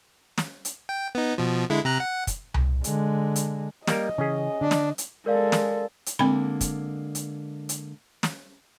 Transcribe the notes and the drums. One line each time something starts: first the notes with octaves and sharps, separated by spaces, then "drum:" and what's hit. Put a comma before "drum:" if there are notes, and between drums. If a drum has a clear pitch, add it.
drum: snare
drum: hi-hat
G5
B3 D#4
B2 F3
D3 G#3 E4
C3 A#5 F#6
F#5
drum: kick, hi-hat
drum: tom C2
D3 G#3, drum: hi-hat
drum: hi-hat
G3 A#3 A#4 D#5, drum: snare
C#3 E3 C#4 G#4
D3 D4
drum: snare
drum: hi-hat
G#3 A4 A#4 D5 F5
drum: snare
drum: hi-hat
D3 G#3 A#3 C4 B5
drum: kick, hi-hat
drum: hi-hat
drum: hi-hat
drum: snare